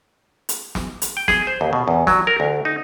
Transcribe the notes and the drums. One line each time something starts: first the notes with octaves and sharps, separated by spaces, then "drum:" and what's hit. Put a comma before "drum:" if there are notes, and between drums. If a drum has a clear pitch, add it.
drum: hi-hat
drum: snare
drum: hi-hat
G5
G#4, drum: snare
C5
D#2
B2
E2
F#3, drum: snare
A#4
D2
D#4